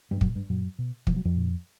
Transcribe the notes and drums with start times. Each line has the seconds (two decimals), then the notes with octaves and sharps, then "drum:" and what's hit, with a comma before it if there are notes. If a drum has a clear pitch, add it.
0.11 G2 G3
0.21 F#2 A#2 F#3, drum: kick
0.35 G2 G3
0.50 F#2 A#2 F#3
0.79 B2
1.07 B2 F3, drum: kick
1.16 F#3
1.25 F2 F3
1.36 A#2